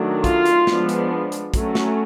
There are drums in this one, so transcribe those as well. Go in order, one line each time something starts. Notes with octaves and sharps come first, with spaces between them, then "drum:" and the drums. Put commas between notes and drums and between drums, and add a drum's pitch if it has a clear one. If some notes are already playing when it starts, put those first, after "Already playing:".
Already playing: D#3 F#3 A3 D4
F4, drum: kick, hi-hat
drum: hi-hat
F3 G#3 B3 D4, drum: snare
drum: hi-hat
drum: hi-hat
F#3 A3 C#4, drum: kick, hi-hat
drum: snare